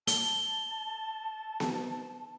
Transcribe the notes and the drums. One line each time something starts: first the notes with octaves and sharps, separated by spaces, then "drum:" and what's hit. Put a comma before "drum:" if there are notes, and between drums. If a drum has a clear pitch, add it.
A5 G7, drum: hi-hat
drum: snare B3